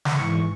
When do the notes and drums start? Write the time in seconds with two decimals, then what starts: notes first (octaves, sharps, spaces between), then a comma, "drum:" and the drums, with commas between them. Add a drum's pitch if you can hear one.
0.05 drum: snare
0.15 G#2 E3 C#6